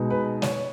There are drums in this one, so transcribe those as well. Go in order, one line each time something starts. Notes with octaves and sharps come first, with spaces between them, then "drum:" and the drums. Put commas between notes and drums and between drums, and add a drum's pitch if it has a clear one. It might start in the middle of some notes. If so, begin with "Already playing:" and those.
Already playing: B2 G#3 D#4
B4
C#5, drum: snare